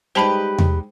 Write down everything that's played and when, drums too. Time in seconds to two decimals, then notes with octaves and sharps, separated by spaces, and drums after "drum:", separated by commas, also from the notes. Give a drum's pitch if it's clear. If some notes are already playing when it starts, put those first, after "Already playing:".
0.15 G3 G#3 D#4 G4 B4 C5 A5 B5
0.58 drum: tom E2